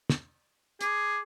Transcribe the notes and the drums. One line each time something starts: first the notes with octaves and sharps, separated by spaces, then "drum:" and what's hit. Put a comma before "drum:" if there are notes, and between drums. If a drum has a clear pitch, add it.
drum: snare
G#4 D6, drum: hi-hat